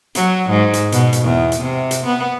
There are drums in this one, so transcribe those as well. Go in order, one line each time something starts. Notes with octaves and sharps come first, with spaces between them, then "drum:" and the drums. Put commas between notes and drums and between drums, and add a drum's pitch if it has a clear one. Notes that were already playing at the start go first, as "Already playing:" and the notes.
F#3, drum: hi-hat
G#2
drum: hi-hat
B2, drum: hi-hat
drum: hi-hat
E2
drum: hi-hat
C3
drum: hi-hat
B3